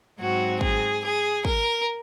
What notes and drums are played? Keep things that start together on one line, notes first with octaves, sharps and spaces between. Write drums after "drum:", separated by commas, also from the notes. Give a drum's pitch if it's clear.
G#2 F#3 C4 F#4
G#4, drum: kick
G#4
A#4, drum: kick